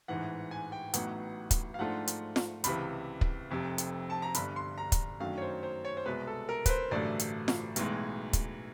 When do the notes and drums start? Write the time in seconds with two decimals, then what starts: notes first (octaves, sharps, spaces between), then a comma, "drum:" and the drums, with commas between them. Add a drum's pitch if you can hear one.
0.08 A1 G#2 E3 F#5
0.51 G#5
0.72 G5
0.94 A1 A2 F#3 B3 D#4 F#5, drum: hi-hat
1.51 drum: kick, hi-hat
1.74 F5
1.79 G#2 F3 A3 D4 F4 F#5
2.07 drum: hi-hat
2.36 drum: snare F4
2.64 C#2 C3 E3 B5, drum: hi-hat
3.21 drum: kick
3.50 F1 F2 C3
3.78 drum: hi-hat
4.10 A5
4.22 A#5
4.35 G1 G2 D3 B5, drum: hi-hat
4.56 C6
4.78 A#5
4.92 drum: kick, hi-hat
5.20 F#2 D#3 F#3 A3 D4 F5
5.38 C#5
5.42 C5
5.63 C5
5.85 C#5
5.97 C5
6.06 C2 B2 G#3 B4
6.27 A4
6.49 A#4
6.66 B4, drum: kick, hi-hat
6.69 C5
6.91 A1 G2 D3 F#3 A3 D5
7.19 drum: hi-hat
7.48 drum: snare F4
7.76 B1 A2 E3 G#3, drum: hi-hat
8.33 drum: kick, hi-hat